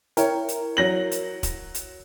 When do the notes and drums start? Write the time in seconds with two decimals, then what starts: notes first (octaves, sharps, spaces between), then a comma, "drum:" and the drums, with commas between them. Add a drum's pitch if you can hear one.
0.17 E4 A#4 C#5 G5, drum: hi-hat
0.48 drum: hi-hat
0.77 F#3 A#6 F#7
1.11 drum: hi-hat
1.43 drum: kick, hi-hat
1.74 drum: hi-hat